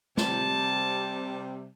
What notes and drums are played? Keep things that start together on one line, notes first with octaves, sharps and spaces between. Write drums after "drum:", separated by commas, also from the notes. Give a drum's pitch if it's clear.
C3 G3 A5, drum: snare